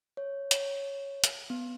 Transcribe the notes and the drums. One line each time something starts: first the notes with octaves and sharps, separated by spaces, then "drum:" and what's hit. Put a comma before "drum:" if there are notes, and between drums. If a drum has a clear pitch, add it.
C#5
C#5, drum: hi-hat
drum: hi-hat
B3